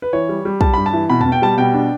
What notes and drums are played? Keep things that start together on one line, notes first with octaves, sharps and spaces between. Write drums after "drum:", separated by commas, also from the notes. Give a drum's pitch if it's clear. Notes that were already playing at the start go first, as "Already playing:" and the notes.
B4
E3 C#5
G3
G3
G3 A5, drum: kick
G2 B5
A5
E3
B2 B5
A5, drum: tom E2
B2
G5
G3 A5
B2 G5
D4